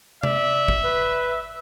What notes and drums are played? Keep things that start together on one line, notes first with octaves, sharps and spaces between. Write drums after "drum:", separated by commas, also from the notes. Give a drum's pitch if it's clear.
D5 E5, drum: tom C3
drum: kick
B4